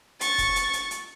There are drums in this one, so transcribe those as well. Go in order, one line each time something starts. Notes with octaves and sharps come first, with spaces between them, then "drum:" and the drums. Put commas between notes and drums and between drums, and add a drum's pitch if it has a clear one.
C#6 A6, drum: hi-hat
drum: kick E1, hi-hat
drum: hi-hat
drum: hi-hat
drum: hi-hat